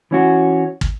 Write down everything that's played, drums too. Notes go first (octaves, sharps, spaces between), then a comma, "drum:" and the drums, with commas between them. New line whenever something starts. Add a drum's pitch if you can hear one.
E3 C#4 F#4
drum: kick